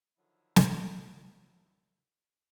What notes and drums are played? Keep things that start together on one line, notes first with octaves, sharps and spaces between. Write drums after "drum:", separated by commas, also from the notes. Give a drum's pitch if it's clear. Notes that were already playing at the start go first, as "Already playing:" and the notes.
D3 D#3 F3 F#3 E4
drum: snare